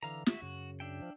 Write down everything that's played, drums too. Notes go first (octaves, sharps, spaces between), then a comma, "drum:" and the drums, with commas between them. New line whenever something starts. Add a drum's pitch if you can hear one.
D3 E3 F5 A#5
F#4 E5, drum: snare
F#2 C#3
D4 E5 G5
F3